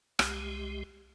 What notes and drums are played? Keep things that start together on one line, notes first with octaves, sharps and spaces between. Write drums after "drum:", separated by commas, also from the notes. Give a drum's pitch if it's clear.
C2 G#3 G4, drum: rim click